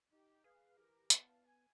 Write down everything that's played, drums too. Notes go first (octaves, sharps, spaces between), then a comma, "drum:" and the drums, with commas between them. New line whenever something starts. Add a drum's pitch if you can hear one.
D#4 G4
G#4 B4 F5
E3 G4 A#4
E2 B3 F5 A5, drum: hi-hat
G#5